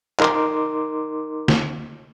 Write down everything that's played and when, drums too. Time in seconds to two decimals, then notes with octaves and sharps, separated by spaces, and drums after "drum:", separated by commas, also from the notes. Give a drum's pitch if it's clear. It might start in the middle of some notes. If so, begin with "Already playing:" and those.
0.20 D#4 A#4 C6 D6, drum: clap
1.48 drum: snare